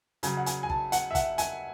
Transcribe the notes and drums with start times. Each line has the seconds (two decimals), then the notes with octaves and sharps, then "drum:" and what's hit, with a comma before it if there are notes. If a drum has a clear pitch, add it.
0.23 C#3 F#3 G#5, drum: hi-hat
0.37 F#5
0.46 G#5, drum: hi-hat
0.63 G#5
0.69 A5, drum: kick
0.92 F#5, drum: hi-hat
1.11 E5
1.15 F#5, drum: kick, hi-hat
1.38 G#5, drum: hi-hat